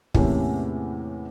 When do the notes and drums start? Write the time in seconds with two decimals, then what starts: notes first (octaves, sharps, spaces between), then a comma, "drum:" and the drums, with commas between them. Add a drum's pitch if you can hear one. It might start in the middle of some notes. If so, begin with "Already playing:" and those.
0.14 E2 A2 C3 A3 A#3 C#4, drum: kick